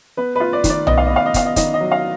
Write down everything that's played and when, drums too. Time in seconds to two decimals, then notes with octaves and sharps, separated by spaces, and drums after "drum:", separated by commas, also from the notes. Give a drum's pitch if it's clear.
0.17 B3 B4
0.36 F4 B4
0.53 D5
0.64 D#3, drum: kick, hi-hat
0.70 D5
0.87 B3 D#5, drum: tom B1
0.97 F5
1.07 B3 D#5
1.16 F5
1.26 D#5
1.34 B3 F5, drum: kick, hi-hat
1.46 D#5
1.56 D#3 D#5, drum: kick, hi-hat
1.74 D#5
1.80 F#3
1.91 F5